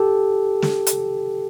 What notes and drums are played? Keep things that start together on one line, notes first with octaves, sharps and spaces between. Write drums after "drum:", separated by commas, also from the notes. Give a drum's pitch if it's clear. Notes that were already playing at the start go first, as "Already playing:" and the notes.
Already playing: G4 A4
drum: snare
drum: hi-hat